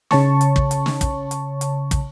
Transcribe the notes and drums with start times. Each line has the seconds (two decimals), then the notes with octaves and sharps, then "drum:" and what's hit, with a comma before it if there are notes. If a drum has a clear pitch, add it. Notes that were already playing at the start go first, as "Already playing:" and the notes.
0.11 C#3 C#5 A5 C#6, drum: snare
0.41 drum: hi-hat
0.56 drum: kick
0.71 drum: hi-hat
0.86 drum: snare
1.01 drum: kick, hi-hat
1.31 drum: hi-hat
1.61 drum: hi-hat
1.91 drum: kick, hi-hat